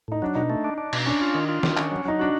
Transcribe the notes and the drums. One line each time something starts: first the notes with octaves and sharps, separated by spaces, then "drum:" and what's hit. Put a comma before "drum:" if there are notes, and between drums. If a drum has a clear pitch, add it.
A2 D#4
F#3 D4
B2 D#4
A3
D4
D4
B2, drum: cymbal
C#4 D4
F4
D#3
F4
D#3, drum: snare
C#4, drum: clap
F#3
F#3 D#4
D4 F#4